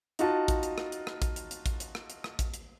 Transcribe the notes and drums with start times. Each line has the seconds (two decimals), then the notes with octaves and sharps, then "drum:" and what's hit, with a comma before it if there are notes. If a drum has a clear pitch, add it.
0.19 D#4 F4 F#4 A5, drum: hi-hat
0.48 drum: kick, hi-hat
0.63 drum: hi-hat
0.78 drum: rim click
0.92 drum: hi-hat
1.07 drum: rim click
1.22 drum: kick, hi-hat
1.36 drum: hi-hat
1.51 drum: hi-hat
1.66 drum: kick, hi-hat
1.80 drum: hi-hat
1.95 drum: rim click
2.10 drum: hi-hat
2.24 drum: rim click
2.39 drum: kick, hi-hat
2.54 drum: hi-hat